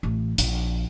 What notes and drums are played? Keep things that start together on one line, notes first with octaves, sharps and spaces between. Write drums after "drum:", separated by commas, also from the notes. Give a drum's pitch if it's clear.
A1
A#1, drum: hi-hat